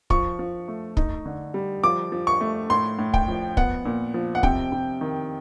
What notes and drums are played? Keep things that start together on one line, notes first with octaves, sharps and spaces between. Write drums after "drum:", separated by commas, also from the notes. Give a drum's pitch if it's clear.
F3 C#6, drum: kick
F3
A3
D#4, drum: kick
D3
G3
F3 D6
F3
C#6
A3
A2 C6
A2
G5, drum: kick
F3
B3 F#5, drum: kick
A#2
F3
F#5
C3 G5, drum: kick
C3
D#3